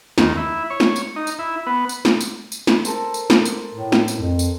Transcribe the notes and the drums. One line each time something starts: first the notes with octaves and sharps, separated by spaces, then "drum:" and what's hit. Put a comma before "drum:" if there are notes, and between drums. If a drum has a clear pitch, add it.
D#2, drum: snare
E4
C#5
drum: snare
drum: tambourine
D#4
drum: tambourine
E4
B3
drum: tambourine
drum: snare
drum: tambourine
drum: tambourine
drum: snare
A4 A#4 C5, drum: tambourine
drum: tambourine
drum: snare
drum: tambourine
A2
drum: snare
drum: tambourine
F2
drum: tambourine